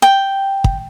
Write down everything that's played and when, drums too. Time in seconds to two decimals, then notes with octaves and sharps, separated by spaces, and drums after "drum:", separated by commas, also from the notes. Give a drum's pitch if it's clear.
0.02 G5
0.64 drum: kick